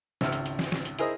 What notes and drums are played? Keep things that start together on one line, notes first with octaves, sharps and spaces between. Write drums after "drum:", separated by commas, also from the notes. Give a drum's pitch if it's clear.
G#1 C#2 E5 E6 F6, drum: snare
drum: hi-hat
drum: hi-hat
drum: snare
drum: snare
drum: hi-hat
E4 G#4 A#4 C5 D#5 D#6, drum: hi-hat